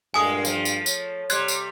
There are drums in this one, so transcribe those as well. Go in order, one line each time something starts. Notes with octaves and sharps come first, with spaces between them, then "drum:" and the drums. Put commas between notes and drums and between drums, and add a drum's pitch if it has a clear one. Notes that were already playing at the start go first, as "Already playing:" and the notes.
G2 A#2 G#3 A4 F5 G#5 D#6
F3 A3, drum: tambourine
drum: tambourine
C#5, drum: tambourine
C3 G3 C6 F#6 G#6, drum: tambourine
drum: tambourine